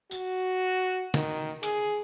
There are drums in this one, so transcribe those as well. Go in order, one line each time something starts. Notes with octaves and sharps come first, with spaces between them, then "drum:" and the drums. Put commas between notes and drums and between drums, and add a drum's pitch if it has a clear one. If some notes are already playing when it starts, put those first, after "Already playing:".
F#4, drum: tambourine
D#3, drum: snare
G#4, drum: hi-hat